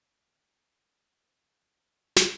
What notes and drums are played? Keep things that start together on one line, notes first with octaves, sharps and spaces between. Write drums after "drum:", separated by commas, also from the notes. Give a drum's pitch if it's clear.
G5 A#5 D6 D#7
drum: snare